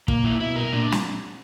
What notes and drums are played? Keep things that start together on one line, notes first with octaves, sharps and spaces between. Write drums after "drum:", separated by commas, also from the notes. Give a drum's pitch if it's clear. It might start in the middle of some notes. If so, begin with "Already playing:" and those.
A#2 A#3, drum: kick
E4
B2 E4
A#4
A#2 D4
drum: snare